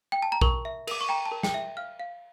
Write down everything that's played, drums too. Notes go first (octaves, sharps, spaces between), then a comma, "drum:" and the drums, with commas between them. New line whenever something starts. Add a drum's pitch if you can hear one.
G5
A5
A#5
A#4 C#6, drum: kick A#1
E5
A#4 D6, drum: cymbal
C#6
G5 A#5
A5
A#4
G5, drum: snare
E5
F5 F6
F5